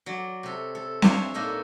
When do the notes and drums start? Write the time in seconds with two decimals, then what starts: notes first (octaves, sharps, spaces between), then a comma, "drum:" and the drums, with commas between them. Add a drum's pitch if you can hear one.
0.06 F#3 D5
0.43 C3 A4
0.75 A4
1.02 D4 C5 C#5 E5 F5, drum: snare C4
1.34 A#2 A#3 D#4 A4 E5